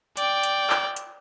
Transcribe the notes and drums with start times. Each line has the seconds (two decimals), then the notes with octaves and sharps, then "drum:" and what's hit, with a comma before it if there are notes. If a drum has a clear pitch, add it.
0.17 D5 G5, drum: hi-hat
0.44 drum: hi-hat
0.70 drum: clap
0.96 drum: hi-hat